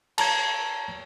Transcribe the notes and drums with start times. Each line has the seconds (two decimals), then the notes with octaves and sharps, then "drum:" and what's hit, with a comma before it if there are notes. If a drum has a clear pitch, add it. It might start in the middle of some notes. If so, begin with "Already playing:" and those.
0.18 A5 A#5 G#6, drum: cymbal